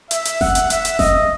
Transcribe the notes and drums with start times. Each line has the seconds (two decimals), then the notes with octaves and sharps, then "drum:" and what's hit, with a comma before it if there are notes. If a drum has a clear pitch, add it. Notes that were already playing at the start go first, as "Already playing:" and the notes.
0.11 E5, drum: hi-hat
0.25 drum: hi-hat
0.41 F#5, drum: snare F#1
0.55 drum: hi-hat
0.70 E5, drum: hi-hat
0.85 drum: hi-hat
0.99 D#5, drum: snare F#1